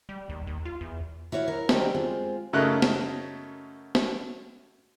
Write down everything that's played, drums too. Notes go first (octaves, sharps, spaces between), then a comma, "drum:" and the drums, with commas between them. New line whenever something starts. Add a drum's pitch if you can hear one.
G3
D#2
D#2
F4
E2
E4 F#4 C#5 E5 F5
A#4
D3 G3 C4 D#4 G4 A#4, drum: snare
G#3 C4 F4
F#2 C#3 A3 D#4 A#4 F#6
drum: snare
drum: snare